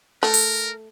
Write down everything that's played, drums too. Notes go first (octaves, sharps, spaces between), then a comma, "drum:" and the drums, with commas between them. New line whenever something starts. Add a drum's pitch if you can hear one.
A3 A#4
drum: open hi-hat